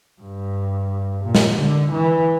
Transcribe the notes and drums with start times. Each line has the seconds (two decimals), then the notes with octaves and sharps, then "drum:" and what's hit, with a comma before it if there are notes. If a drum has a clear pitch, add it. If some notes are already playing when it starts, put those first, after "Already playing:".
0.21 G2
1.24 A#2
1.35 drum: snare
1.58 D3
1.92 E3